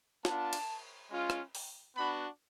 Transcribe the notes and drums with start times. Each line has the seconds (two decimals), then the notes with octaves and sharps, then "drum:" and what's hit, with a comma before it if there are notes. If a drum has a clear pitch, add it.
0.25 B3 D4 F4 A5, drum: snare
0.53 drum: cymbal
1.11 G#3 C#4 F4
1.30 drum: rim click
1.55 drum: open hi-hat
1.96 B3 D4 F#4 B5